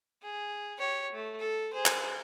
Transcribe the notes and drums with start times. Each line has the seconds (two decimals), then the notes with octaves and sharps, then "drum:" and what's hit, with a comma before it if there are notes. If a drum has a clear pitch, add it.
0.23 G#4
0.79 G4 C#5
1.12 A3
1.40 A4
1.73 G#4 C5
1.86 drum: clap